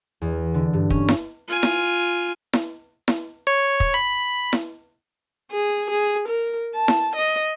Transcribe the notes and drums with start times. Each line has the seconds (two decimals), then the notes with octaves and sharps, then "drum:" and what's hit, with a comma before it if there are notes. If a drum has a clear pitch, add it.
0.22 E2
0.54 D3
0.73 G2
0.90 C#4, drum: kick
1.09 drum: snare E4
1.48 F4 G#5
1.63 drum: snare E4
2.53 drum: snare E4
3.08 drum: snare E4
3.47 C#5
3.80 drum: kick
3.94 B5
4.53 drum: snare E4
5.52 G#4
5.90 G#4
6.28 A#4
6.74 A5
6.88 drum: snare E4
7.15 D#5